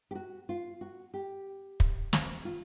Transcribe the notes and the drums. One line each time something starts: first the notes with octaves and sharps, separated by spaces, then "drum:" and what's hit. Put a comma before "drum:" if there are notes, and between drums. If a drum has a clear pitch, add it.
G4
F#4
F4
F#4
G4
drum: kick
drum: snare
F4